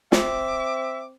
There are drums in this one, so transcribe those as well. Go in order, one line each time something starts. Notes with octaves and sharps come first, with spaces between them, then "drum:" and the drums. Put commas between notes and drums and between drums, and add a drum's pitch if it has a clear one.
C4 E5 D6, drum: snare